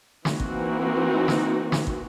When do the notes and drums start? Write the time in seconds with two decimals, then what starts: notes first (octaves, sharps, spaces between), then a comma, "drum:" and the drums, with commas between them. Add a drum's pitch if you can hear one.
0.25 E3 A#3 C4 D#4 F#4, drum: snare
0.40 drum: kick
1.28 drum: snare
1.72 drum: snare
1.87 drum: kick